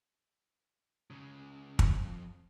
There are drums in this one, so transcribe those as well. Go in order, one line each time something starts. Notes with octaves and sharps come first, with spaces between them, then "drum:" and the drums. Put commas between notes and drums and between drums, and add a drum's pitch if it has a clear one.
C#2 C#3
F2, drum: kick